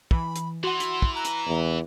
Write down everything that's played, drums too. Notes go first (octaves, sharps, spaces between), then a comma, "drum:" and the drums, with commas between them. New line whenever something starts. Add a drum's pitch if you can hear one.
E3 B5, drum: kick
drum: hi-hat
E3 F#4 F#5 C6
drum: hi-hat
drum: kick
A#5 E6 F#6 A#6
drum: hi-hat
E2